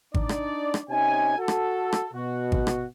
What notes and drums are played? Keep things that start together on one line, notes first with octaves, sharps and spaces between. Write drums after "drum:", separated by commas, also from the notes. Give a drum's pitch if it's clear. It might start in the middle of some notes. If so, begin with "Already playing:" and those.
D4 D#4 D5, drum: kick G#1
drum: rim click
drum: rim click
C3 C#4 D#4 G#5
F#4 A4
drum: rim click
drum: rim click
B2 F#4
drum: kick G#1
drum: rim click